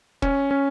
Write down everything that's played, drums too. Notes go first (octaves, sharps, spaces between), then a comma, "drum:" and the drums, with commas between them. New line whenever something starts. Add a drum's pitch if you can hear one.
C#4, drum: kick
C#4